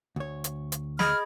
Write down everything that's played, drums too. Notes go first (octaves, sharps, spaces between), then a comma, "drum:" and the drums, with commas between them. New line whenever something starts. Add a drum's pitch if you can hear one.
D2 C#5
drum: hi-hat
drum: hi-hat
G#4 D#5 B5 F6 G#6, drum: snare